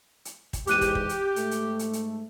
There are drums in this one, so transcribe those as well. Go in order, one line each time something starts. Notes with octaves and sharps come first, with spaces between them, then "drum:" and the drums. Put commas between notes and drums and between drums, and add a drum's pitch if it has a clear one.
drum: hi-hat
drum: kick, hi-hat
E2 G#2 G4 D6 F#6 D#7, drum: hi-hat
drum: kick, hi-hat
drum: kick
drum: hi-hat
G#2 A3, drum: hi-hat
drum: hi-hat
drum: hi-hat
drum: hi-hat